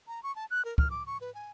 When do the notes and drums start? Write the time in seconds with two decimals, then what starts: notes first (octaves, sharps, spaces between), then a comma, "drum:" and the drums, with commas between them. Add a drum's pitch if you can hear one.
0.07 A#5
0.23 C#6
0.36 A5
0.51 F#6
0.65 A#4
0.78 F6, drum: kick
0.91 D6
1.07 C#6
1.21 B4
1.35 G#5